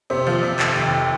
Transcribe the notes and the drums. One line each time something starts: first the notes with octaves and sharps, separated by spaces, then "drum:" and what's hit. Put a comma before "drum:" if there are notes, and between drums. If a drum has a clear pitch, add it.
C3 C5
F3
C3
F1, drum: clap
D#2